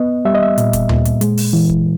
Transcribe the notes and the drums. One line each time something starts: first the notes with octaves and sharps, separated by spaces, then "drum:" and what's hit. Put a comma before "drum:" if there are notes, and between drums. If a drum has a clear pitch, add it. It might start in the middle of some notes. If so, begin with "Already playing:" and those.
Already playing: B3 D#5
G3 E5
D#5
E5
A#2, drum: hi-hat
drum: kick, hi-hat
A#2, drum: tom D2
drum: hi-hat
G#3, drum: hi-hat
drum: open hi-hat
E3
drum: kick